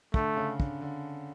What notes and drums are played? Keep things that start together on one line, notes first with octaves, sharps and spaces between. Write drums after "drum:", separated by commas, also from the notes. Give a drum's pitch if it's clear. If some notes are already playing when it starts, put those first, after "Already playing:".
D3 A3, drum: kick
C#3
D3, drum: kick
D3